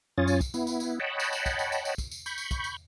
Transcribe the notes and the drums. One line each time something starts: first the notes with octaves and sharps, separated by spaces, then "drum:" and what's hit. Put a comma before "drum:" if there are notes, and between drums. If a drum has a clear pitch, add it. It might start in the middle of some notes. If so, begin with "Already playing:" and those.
F#2 C#4 F4 C#5 D#6 A6
drum: tambourine
drum: kick, tambourine
B3 E4, drum: tambourine
drum: tambourine
drum: tambourine
C#5 D#5 F#5 G5 A5 B5
drum: tambourine
drum: tambourine
drum: kick, tambourine
drum: tambourine
drum: tambourine
drum: tambourine
drum: kick, tambourine
drum: tambourine
B5 C#6 G6, drum: tambourine
drum: tambourine
drum: kick, tambourine
drum: tambourine